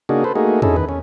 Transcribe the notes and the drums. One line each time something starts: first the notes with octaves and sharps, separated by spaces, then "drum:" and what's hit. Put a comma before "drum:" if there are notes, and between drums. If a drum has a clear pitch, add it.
C#3 A#3 D4 D#4 F#4 G#4
A4 B4 C5
A3 A#3 D#4 F#4 G#4
C#4 D#4 E4 G#4 A4, drum: tom E2
D#3 B4
C#4